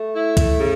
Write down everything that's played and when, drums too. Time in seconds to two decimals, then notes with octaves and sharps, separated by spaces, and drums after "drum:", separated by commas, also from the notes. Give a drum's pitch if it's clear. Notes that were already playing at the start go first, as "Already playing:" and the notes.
Already playing: A3
0.14 E4
0.37 A3, drum: kick, hi-hat
0.60 C#3